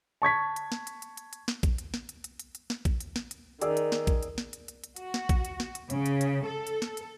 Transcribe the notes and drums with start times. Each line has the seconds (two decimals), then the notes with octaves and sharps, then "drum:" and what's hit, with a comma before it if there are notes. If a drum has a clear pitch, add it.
0.22 A5 C#6 G#6 B6
0.56 drum: hi-hat
0.72 drum: snare
0.87 drum: hi-hat
1.02 drum: hi-hat
1.17 drum: hi-hat
1.33 drum: hi-hat
1.48 drum: snare
1.63 drum: kick A#1, hi-hat
1.78 drum: hi-hat
1.94 drum: snare
2.09 drum: hi-hat
2.24 drum: hi-hat
2.39 drum: hi-hat
2.55 drum: hi-hat
2.70 drum: snare
2.85 drum: kick A#1, hi-hat
3.00 drum: hi-hat
3.16 drum: snare
3.31 drum: hi-hat
3.62 D#3 G#4 D5 E6, drum: hi-hat
3.77 drum: hi-hat
3.92 drum: snare
4.07 drum: kick A#1, hi-hat
4.23 drum: hi-hat
4.38 drum: snare
4.53 drum: hi-hat
4.68 drum: hi-hat
4.84 drum: hi-hat
4.96 F#4, drum: hi-hat
5.14 drum: snare
5.29 drum: kick A#1, hi-hat
5.45 drum: hi-hat
5.60 drum: snare
5.75 drum: hi-hat
5.90 C#3, drum: hi-hat
6.06 drum: hi-hat
6.21 drum: hi-hat
6.45 A4
6.67 drum: hi-hat
6.82 drum: snare
6.97 drum: hi-hat